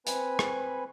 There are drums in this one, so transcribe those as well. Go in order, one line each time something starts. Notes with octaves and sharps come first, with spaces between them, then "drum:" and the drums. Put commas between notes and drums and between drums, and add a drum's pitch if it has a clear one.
C4 B4 G#5 B5, drum: hi-hat
drum: rim click